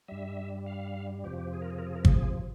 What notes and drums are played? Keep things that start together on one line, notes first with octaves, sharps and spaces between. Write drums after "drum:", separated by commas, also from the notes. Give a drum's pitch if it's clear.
G2 G3 E5
F5
F2 C3 F3 G4
G4
G#4
A#4
G#4
A#4
G#4
A#4
G#4, drum: kick